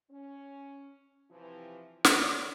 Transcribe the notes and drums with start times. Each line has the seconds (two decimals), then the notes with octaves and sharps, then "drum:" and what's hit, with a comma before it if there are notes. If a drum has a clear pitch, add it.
0.10 C#4
1.30 C3 E3 F3
2.05 E4 C#5 D5, drum: snare